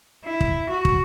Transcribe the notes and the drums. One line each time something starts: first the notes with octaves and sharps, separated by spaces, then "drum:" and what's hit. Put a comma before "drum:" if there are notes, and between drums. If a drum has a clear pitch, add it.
E4
drum: kick
F#4
drum: kick